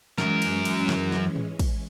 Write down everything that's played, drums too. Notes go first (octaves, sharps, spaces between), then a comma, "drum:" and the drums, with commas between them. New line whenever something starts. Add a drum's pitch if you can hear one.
F#2 E3 G#3 C#4 A#4, drum: snare
drum: cymbal
drum: cymbal
drum: snare
drum: snare
drum: tom G#2
drum: kick, cymbal